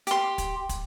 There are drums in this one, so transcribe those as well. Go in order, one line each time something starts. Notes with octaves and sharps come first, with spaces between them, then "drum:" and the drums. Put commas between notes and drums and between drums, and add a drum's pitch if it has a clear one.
G4 C6, drum: hi-hat
drum: kick, hi-hat
drum: kick, hi-hat